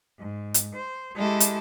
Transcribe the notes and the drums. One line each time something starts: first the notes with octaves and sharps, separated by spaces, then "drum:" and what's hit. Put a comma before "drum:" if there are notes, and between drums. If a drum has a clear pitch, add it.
G#2
drum: hi-hat
C5
G#3 E4 G4 A4
drum: hi-hat